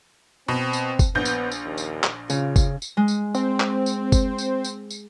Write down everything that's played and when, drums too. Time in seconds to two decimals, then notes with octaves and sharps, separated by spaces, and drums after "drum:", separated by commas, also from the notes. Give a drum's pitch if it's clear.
0.48 B2 C4
0.73 drum: tambourine
0.99 drum: kick F#1, tambourine
1.15 A#1 B3 G6
1.25 drum: tambourine
1.51 drum: tambourine
1.65 D#2
1.78 drum: tambourine
2.04 drum: clap
2.30 C#3 F4, drum: tambourine
2.56 drum: kick F#1, tambourine
2.82 drum: tambourine
2.97 G#3
3.08 drum: tambourine
3.35 C4, drum: tambourine
3.60 drum: clap
3.86 drum: tambourine
4.12 drum: kick F#1, tambourine
4.38 drum: tambourine
4.64 drum: tambourine
4.91 drum: tambourine